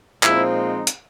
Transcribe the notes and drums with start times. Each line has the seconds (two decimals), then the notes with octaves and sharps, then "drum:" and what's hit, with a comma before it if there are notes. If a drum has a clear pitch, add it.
0.23 A#2 F3 G#3 C4 D#4 E4, drum: clap
0.87 drum: hi-hat